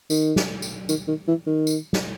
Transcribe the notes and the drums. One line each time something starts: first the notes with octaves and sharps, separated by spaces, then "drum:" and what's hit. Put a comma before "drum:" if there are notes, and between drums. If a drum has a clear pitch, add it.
D#3, drum: tambourine
drum: snare
drum: tambourine
D#3, drum: tambourine
D#3
E3
D#3
drum: tambourine
drum: snare